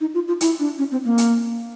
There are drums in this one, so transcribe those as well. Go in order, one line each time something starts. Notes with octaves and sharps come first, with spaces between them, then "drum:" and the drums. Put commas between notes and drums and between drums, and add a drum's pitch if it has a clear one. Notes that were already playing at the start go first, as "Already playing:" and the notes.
D#4
F4
F4
E4, drum: hi-hat
D4
C#4
C4
A#3
drum: hi-hat